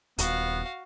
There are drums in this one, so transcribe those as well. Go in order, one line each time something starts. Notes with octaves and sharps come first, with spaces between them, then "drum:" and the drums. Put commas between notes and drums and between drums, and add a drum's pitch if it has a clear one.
D#1 B3 F#4 F5, drum: hi-hat